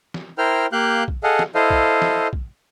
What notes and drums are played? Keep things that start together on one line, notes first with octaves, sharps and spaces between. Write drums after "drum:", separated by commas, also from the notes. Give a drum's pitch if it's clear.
drum: snare
E4 A#4 C5 G5 F6
A#3 G4 F5 F#6 G6
drum: kick
G#4 A4 D#5 F5 F#5
drum: snare
E4 A4 C5 D#5 F5
drum: kick
drum: snare
drum: kick